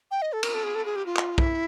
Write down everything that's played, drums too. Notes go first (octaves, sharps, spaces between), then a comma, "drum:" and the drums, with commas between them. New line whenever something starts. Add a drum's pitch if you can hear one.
G5
D#5
A4
A#4, drum: cymbal
A4
G#4
A4
G#4
G4
F4
drum: clap
E4, drum: kick